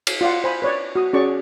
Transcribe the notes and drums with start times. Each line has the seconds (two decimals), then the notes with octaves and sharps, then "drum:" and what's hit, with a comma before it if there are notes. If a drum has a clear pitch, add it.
0.07 drum: cymbal
0.21 F4 D5 F5 F#5
0.44 C5 G#5 B5
0.62 B4 C#5 D5
0.96 F#4 D#6
1.13 C#4 F#4 G#4 D5 C#6